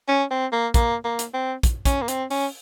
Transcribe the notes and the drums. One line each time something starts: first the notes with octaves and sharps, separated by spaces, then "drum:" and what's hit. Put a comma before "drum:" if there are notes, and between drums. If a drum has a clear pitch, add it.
C#4
C4
A#3
A#3, drum: kick, hi-hat
A#3
drum: hi-hat
C4
drum: kick, hi-hat
C#4, drum: kick, hi-hat
A#3
C4, drum: hi-hat
C#4, drum: open hi-hat